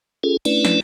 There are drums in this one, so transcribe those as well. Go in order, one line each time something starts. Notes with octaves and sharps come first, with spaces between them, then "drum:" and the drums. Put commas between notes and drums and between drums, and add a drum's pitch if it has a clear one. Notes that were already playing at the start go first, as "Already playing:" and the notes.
C#4 F4 G#4 A4
A3 C#4 D4 E4 B4 D5, drum: cymbal
drum: snare